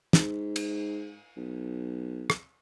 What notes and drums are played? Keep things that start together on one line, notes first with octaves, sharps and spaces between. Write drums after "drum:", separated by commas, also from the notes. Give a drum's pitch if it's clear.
G#2, drum: snare
drum: cymbal
B1
drum: rim click